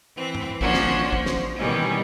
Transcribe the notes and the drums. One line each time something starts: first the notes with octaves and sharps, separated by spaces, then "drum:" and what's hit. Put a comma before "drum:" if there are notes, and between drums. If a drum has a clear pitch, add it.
E3 C4
drum: tom G2
F3 A#3 C#4 D4 F#4, drum: kick A1
drum: snare
drum: tom D#3
F3, drum: kick A1
drum: snare
B2 D#3 E3 G3 G#3 C#4